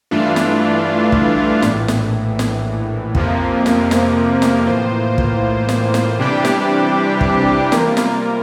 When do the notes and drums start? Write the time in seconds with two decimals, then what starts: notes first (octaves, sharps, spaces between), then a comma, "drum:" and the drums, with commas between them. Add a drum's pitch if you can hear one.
0.11 G2 E3 A3 D4 F4
0.36 drum: snare
1.12 drum: kick
1.62 A#1 A2 E3, drum: snare
1.88 drum: snare
2.39 drum: snare
3.15 F2 C3 F3 A#3, drum: kick
3.66 drum: snare
3.91 drum: snare
4.42 drum: snare
4.67 A2 E3 A#3 F4 C5
5.18 drum: kick
5.69 drum: snare
5.94 drum: snare
6.19 C3 E3 G3 D4 G4
6.45 drum: snare
7.21 drum: kick
7.72 C3 G3 A#3 F4 A#4, drum: snare
7.97 drum: snare